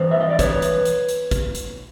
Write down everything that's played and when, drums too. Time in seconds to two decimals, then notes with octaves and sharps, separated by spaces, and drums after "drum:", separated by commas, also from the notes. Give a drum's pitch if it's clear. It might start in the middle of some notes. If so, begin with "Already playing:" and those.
Already playing: G2 E3 C5
0.11 E5
0.21 D#5
0.30 D5
0.39 B4 C#5, drum: kick, hi-hat
0.62 drum: hi-hat
0.85 drum: hi-hat
1.08 drum: hi-hat
1.31 drum: kick, hi-hat
1.55 drum: hi-hat